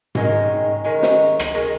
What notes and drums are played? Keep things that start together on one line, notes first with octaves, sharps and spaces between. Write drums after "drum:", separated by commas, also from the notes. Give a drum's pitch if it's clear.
D#3 G#3 C#4, drum: tom G#2
D#3 G#3 C#4
drum: snare
drum: rim click
D#3 G#3 C#4